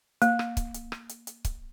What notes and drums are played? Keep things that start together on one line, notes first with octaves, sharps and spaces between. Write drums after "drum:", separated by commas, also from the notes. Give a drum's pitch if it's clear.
A#3, drum: hi-hat
drum: rim click
drum: kick C#1, hi-hat
drum: hi-hat
drum: rim click
drum: hi-hat
drum: hi-hat
drum: kick C#1, hi-hat